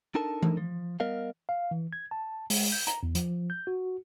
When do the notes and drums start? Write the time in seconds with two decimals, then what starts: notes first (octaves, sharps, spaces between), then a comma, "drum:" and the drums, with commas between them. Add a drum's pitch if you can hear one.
0.15 D4 D#4 A4 A#4 A5
0.43 drum: tom E3
0.57 F3
1.00 G3 B3 A#4 D#5 F5
1.49 F5
1.71 E3
1.93 G#6
2.11 A5
2.50 G#3, drum: open hi-hat
2.72 G6
2.87 A#5, drum: hi-hat
3.03 E2
3.15 F3, drum: hi-hat
3.50 G6
3.67 F#4